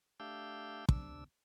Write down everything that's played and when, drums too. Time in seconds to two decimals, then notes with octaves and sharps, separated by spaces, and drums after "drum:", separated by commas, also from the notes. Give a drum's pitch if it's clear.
0.20 A3 D4 G4 F5 E6 G6
0.89 D2 C3 D4 E6, drum: kick